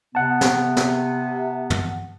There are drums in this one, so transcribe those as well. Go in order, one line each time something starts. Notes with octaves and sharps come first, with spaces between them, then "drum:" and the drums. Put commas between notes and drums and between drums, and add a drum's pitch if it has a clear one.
C3 B3 F#5 A5
drum: snare
drum: snare
drum: tom